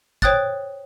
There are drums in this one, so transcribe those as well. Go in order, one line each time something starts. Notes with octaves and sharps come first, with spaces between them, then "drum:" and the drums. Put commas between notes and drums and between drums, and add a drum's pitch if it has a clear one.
C5 C#5 G5 D#6 F#6 A6, drum: kick